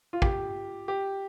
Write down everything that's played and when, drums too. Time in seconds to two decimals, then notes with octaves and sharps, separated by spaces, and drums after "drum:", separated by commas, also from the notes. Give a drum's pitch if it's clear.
0.13 F4
0.22 G4, drum: kick
0.88 G4